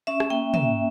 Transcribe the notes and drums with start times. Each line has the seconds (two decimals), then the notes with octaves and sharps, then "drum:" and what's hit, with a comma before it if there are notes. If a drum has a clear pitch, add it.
0.07 C#4 E5
0.20 drum: rim click
0.30 A#3 G5
0.54 A#3 E5, drum: tom